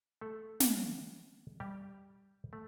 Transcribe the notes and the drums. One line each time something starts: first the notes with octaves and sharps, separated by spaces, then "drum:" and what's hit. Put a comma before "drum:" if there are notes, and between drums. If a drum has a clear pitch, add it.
A3 A4
drum: snare
G3 G4
A3